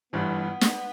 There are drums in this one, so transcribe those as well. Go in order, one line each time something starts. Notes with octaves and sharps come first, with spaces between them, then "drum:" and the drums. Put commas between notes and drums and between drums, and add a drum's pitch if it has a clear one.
G1 G2 E3 G3 B3
drum: snare